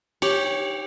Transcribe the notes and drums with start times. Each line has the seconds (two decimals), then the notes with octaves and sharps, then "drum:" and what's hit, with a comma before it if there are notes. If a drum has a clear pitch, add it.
0.22 G4 C#5, drum: cymbal